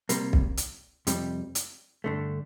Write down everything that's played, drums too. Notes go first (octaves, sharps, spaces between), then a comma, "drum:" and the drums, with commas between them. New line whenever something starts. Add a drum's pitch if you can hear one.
C3 G3 A#3, drum: hi-hat
drum: kick
drum: hi-hat
F2 C3 G3, drum: hi-hat
drum: hi-hat
G2 D3 A3